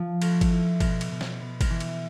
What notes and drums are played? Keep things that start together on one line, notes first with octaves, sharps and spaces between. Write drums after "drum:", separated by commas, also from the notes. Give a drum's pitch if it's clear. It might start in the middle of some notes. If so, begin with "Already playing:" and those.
Already playing: F3
A3, drum: cymbal
drum: kick G1, cymbal
E4
B2, drum: kick G1, cymbal
drum: cymbal
B2
drum: snare
B3
drum: kick G1, cymbal
E3
drum: cymbal